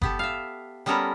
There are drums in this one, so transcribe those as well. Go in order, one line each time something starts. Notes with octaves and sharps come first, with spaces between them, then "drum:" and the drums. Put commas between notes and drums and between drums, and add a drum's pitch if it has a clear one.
B3 G4 A4, drum: kick F#1
E5 F5
G3 B3 C#4 A4 A#4 A#5